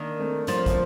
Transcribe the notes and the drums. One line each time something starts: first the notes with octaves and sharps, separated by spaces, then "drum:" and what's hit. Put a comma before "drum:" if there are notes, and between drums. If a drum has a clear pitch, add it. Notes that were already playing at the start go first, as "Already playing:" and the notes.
Already playing: D#3 A#3 D4
A3 C4
F3 G3 A#3, drum: hi-hat
drum: kick, hi-hat